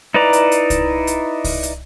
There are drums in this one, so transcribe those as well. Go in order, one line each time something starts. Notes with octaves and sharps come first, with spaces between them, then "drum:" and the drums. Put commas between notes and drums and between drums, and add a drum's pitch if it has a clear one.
D#4 E4 B4 D5 A#5
drum: hi-hat
drum: hi-hat
drum: kick C2, hi-hat
drum: hi-hat
drum: kick C2, open hi-hat
drum: hi-hat